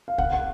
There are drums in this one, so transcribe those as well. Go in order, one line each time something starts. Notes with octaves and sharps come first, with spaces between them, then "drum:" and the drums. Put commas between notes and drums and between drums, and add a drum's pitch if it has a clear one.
F5
F#5, drum: kick
F#5